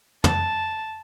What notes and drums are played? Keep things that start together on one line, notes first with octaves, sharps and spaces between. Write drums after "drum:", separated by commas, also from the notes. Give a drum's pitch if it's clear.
A5, drum: tom